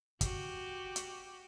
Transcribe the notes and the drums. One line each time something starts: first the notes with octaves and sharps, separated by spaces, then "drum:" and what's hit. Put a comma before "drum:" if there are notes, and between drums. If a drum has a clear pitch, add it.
F#4 G4, drum: kick, hi-hat
drum: hi-hat